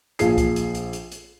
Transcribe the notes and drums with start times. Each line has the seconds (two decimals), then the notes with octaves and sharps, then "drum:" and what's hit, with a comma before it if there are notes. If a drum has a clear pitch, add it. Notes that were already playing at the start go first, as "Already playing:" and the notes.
0.19 A#1 F3 G#4 C7, drum: hi-hat
0.38 drum: kick C2, hi-hat
0.56 drum: hi-hat
0.75 drum: hi-hat
0.93 drum: hi-hat
1.12 drum: hi-hat